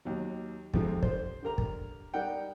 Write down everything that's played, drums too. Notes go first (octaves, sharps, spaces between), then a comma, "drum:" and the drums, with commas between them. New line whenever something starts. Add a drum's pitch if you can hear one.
D#2 F#3
F2 G#2 C3 F3, drum: kick
C5, drum: kick
D3 G4 A#4 A#5
drum: kick
G3 D#4 A#4 D5 F#5 G5